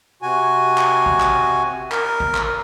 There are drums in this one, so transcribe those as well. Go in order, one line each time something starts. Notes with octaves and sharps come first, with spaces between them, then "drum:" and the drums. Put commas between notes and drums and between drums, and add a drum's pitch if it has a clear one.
C3 F#4 G#5
drum: clap
drum: kick G#1
drum: clap
A#4, drum: clap
drum: kick G#1
drum: clap